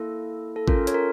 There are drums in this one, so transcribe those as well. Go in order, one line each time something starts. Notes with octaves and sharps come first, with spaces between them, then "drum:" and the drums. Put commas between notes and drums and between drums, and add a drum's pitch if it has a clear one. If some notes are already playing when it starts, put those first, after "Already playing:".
Already playing: A#3 E4 A4
A4
C#4 F4 A4 A#4, drum: kick G#1
C#5, drum: hi-hat
A#4